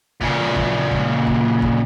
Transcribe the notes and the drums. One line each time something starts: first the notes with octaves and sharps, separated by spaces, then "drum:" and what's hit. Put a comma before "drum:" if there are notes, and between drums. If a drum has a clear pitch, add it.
A#2 C#3, drum: kick
drum: kick
drum: kick
drum: kick
drum: kick